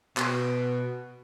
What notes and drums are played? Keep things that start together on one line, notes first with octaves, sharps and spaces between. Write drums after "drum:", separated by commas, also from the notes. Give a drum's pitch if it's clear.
B2, drum: clap